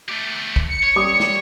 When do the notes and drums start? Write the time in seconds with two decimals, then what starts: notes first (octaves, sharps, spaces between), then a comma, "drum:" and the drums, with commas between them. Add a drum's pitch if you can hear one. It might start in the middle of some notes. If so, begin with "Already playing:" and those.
0.09 A3 G4
0.56 drum: kick
0.69 C#7
0.83 C#5
0.96 G3 D6 D#6
1.20 drum: snare